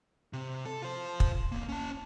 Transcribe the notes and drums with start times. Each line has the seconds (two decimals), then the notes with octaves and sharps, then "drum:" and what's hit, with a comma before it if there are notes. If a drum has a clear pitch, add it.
0.33 C3
0.65 A4
0.82 F4 C5
1.20 drum: kick
1.52 E2 A#3
1.69 C#4 A5